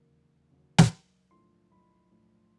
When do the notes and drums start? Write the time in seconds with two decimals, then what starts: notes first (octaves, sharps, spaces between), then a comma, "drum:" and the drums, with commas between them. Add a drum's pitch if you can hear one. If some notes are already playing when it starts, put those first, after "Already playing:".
Already playing: E1 D#2 C#3 F#3 A#3
0.11 E1
0.50 D#2 C#3 F#3 A#3
0.78 drum: snare
0.91 B1
1.31 A2 F3 A3 D4 C6
1.72 B1 B5
2.11 A2 F3 A3 D4